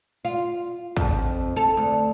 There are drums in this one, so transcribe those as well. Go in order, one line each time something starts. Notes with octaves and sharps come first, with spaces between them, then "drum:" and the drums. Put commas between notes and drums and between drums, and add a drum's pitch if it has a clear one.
F4
F2, drum: kick
A4
D2